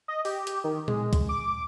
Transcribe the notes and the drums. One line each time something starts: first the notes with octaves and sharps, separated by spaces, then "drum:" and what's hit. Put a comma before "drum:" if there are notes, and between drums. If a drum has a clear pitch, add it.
D#5
G4, drum: open hi-hat
drum: hi-hat
D#3
G#3, drum: tom A#2
drum: kick, hi-hat
D6